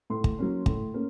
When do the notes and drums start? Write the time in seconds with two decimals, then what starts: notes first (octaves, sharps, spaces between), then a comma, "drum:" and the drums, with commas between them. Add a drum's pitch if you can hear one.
0.10 A2 C6
0.24 drum: kick
0.39 F#3 A#3 C#4
0.66 A2, drum: kick
0.94 A#3 C#4